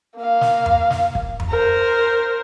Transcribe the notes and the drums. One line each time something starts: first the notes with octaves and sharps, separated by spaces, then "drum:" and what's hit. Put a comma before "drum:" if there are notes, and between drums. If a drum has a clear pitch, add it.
A#3 F5
drum: snare
drum: tom F2
drum: snare
drum: kick
drum: tom F2
A#4 C5